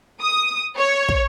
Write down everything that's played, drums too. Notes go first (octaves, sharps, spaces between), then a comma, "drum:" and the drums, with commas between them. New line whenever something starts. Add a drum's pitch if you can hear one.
D#6
C#5
drum: kick